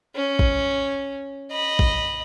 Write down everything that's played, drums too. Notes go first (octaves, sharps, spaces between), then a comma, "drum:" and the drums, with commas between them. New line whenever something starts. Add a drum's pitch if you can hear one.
C#4
drum: kick A1
D#5 B5
drum: kick A1